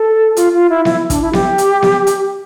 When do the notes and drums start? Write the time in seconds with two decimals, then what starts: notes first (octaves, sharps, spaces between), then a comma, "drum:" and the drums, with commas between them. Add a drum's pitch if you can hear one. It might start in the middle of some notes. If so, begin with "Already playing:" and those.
Already playing: A4
0.37 F4, drum: hi-hat
0.53 F4
0.70 E4
0.85 E4, drum: snare B3
1.10 D4, drum: kick, hi-hat
1.21 E4
1.33 G4, drum: snare B3
1.58 drum: hi-hat
1.82 drum: snare B3
2.07 drum: hi-hat